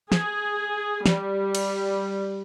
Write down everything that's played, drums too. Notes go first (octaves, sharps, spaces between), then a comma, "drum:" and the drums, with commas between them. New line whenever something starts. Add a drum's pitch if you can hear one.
G#4, drum: snare
G3, drum: snare
drum: cymbal